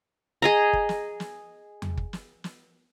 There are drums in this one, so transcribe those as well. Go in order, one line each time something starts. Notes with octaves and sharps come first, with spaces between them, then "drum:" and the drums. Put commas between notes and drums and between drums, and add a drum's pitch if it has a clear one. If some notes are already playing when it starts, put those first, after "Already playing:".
G#4 D#5 A#5
drum: kick
drum: snare
drum: snare
drum: tom E2
drum: kick
drum: snare
drum: snare